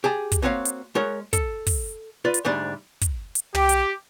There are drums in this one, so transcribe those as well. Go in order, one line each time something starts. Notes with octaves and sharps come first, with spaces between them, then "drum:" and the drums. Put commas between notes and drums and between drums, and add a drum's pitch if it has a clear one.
G4 G#4 A5
drum: kick, hi-hat
A#3 C4 F#4 C#5 F5
drum: hi-hat
G#3 F#4 A#4 C#5
A4, drum: kick, hi-hat
drum: kick, open hi-hat
F4 B4 D5
drum: hi-hat
D2 G#2 G3 D4 D5
drum: kick, hi-hat
drum: hi-hat
G4, drum: tom
drum: hi-hat